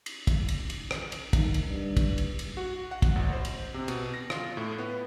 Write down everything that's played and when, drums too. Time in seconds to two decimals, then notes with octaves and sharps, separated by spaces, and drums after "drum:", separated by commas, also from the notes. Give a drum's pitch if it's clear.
0.06 drum: cymbal
0.27 drum: kick, cymbal
0.48 drum: cymbal
0.70 drum: cymbal
0.91 drum: rim click
1.12 drum: cymbal
1.33 D#3, drum: kick, cymbal
1.54 drum: cymbal
1.67 G2
1.97 drum: kick, cymbal
2.18 drum: cymbal
2.39 drum: cymbal
2.57 F#4
2.91 F#5
3.02 drum: kick, cymbal
3.16 A1
3.33 C5
3.45 drum: cymbal
3.74 C3
3.88 B2, drum: cymbal
4.14 A#6
4.30 F4, drum: rim click
4.57 A2
4.78 B3